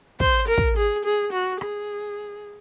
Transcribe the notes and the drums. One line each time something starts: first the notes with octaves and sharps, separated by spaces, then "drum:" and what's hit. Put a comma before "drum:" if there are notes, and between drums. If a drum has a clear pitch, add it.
C5, drum: kick
A#4
drum: kick
G#4
G#4
F#4
G#4, drum: rim click